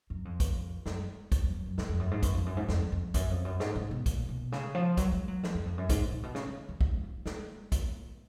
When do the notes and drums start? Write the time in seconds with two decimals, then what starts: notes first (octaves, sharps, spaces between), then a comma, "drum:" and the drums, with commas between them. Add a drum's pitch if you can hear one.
0.10 F#2
0.25 F2
0.40 drum: kick, hi-hat
0.86 F#2, drum: snare
1.32 G#2, drum: kick, hi-hat
1.43 F#2
1.54 F#2
1.66 F#2
1.78 A#2, drum: snare
1.89 F2
1.99 F#2
2.11 G#2
2.23 F#2, drum: kick, hi-hat
2.34 F2
2.46 F#2
2.57 G#2
2.68 F2, drum: snare
2.92 F2
3.14 F#2, drum: kick, hi-hat
3.30 F2
3.45 F#2
3.60 G#2, drum: snare
3.76 G#2
3.91 B2
4.06 A#2, drum: kick, hi-hat
4.29 B2
4.52 C#3, drum: snare
4.75 F3
4.97 F#3, drum: kick, hi-hat
5.12 G#3
5.28 F#3
5.43 F3, drum: snare
5.55 F#2
5.65 F2
5.78 F#2
5.89 G#2, drum: kick, hi-hat
6.12 A#2
6.23 B2
6.35 C#3, drum: snare
6.46 C#3
6.69 D#3
6.81 G#3, drum: kick
7.03 A#3
7.26 A#3, drum: snare
7.72 drum: kick, hi-hat